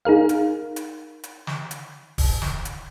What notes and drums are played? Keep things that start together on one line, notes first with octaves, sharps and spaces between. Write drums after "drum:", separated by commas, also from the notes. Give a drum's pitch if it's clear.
D#4 G#4 A#4 F5
drum: hi-hat
drum: hi-hat
drum: hi-hat
drum: snare
drum: hi-hat
drum: kick, open hi-hat
drum: snare
drum: hi-hat